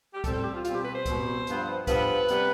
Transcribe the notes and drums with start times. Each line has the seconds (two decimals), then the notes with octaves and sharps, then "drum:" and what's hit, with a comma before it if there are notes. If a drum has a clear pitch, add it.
0.14 G4
0.24 A2 G3 C4 A4, drum: kick C#2, hi-hat
0.34 A4
0.44 G4
0.54 F4
0.65 B2 G3 C4 F4, drum: hi-hat
0.75 G4
0.85 B4
0.95 C5
1.06 B2 G3 C4, drum: kick C#2, hi-hat
1.47 G2 F3 B3, drum: hi-hat
1.87 G2 F3 B3 B4, drum: kick C#2, hi-hat
2.29 C3 G3 B3, drum: hi-hat